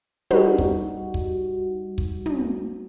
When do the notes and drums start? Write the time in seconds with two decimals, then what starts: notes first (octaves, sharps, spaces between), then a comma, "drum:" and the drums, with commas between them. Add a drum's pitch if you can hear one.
0.31 G3 D#4 F#4, drum: tom
0.58 drum: kick
1.14 drum: kick
1.98 drum: kick
2.26 drum: tom